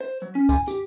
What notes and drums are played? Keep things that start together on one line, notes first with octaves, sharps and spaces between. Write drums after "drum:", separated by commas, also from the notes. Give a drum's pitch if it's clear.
C5
F#3
C#4
G#5, drum: kick, tambourine
G4, drum: tambourine